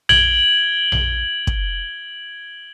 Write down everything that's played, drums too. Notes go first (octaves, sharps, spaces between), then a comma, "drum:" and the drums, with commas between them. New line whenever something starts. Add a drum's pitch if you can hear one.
G#6 D7 F#7 G7, drum: tom A#1
drum: tom A#1
drum: kick